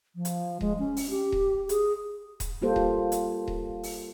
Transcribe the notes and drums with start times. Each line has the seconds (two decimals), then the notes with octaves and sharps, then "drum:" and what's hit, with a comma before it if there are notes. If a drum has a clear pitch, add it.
0.16 F3
0.25 drum: hi-hat
0.61 G#3, drum: kick D#1
0.79 C#4
0.96 drum: open hi-hat
1.10 G4
1.32 drum: kick D#1
1.69 G#4, drum: hi-hat
2.40 drum: kick D#1, hi-hat
2.62 G3 A#3 F4 G4 A4 C5
2.76 drum: kick D#1
3.12 drum: hi-hat
3.48 drum: kick D#1
3.83 drum: open hi-hat